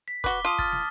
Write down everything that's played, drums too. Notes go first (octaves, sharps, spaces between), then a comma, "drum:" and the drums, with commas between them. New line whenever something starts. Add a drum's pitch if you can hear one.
B6
F#4 B4 D6 G7, drum: kick
F4 A5 D#6
F6 A6, drum: kick
drum: snare